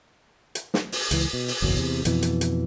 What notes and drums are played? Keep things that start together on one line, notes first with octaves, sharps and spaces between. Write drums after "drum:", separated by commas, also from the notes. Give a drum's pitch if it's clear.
drum: hi-hat
drum: snare
drum: open hi-hat
C#2 E3, drum: hi-hat
B2
drum: open hi-hat
F#1 B1 E2 F#3
E2 C3
F2 B2 E3, drum: hi-hat
drum: hi-hat
drum: hi-hat